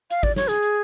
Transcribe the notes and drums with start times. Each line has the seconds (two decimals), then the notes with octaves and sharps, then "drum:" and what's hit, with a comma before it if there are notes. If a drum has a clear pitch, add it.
0.11 F5, drum: hi-hat
0.23 D5, drum: kick G#1
0.36 C#5, drum: snare
0.49 G#4, drum: hi-hat
0.63 drum: hi-hat